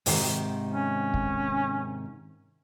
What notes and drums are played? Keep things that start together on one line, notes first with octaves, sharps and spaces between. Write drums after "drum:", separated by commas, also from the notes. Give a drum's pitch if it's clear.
G#2 C3 D#3, drum: open hi-hat
C#4
drum: kick